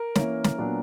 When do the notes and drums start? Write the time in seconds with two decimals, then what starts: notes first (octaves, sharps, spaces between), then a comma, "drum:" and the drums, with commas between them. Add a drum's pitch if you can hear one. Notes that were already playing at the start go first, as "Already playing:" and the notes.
Already playing: A#4
0.15 E3 A#3 C#4, drum: snare
0.44 drum: snare
0.58 A#2 F#3 B3 D4